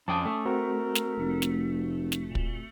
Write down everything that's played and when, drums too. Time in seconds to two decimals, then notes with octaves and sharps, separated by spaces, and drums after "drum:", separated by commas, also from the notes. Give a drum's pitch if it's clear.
0.08 F2 C#4 G5 A5 D6 D#6
0.25 A3
0.46 C4 F#4 A#4
0.95 drum: snare
1.19 F1
1.42 drum: snare
2.12 drum: snare
2.26 A#2
2.35 drum: kick